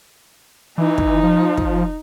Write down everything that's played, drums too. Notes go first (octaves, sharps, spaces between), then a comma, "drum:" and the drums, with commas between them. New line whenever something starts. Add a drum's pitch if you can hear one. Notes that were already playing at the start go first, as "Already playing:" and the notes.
E3 D#4
drum: kick
F3
drum: kick